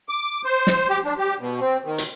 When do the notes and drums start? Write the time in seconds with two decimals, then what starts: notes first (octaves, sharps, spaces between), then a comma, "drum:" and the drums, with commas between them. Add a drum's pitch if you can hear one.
0.09 D6
0.45 C5
0.67 drum: snare
0.89 G4
1.05 D4
1.18 G4
1.39 B2
1.60 C4
1.85 D#3
1.98 drum: hi-hat